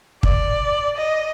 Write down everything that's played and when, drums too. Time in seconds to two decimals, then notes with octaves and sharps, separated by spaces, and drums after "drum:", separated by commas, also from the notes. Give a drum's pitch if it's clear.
0.23 D5, drum: kick
0.97 D#5